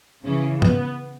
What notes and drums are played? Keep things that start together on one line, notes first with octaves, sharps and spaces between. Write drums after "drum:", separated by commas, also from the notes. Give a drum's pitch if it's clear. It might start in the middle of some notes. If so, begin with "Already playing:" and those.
C#3 E3 C#4
B3, drum: tom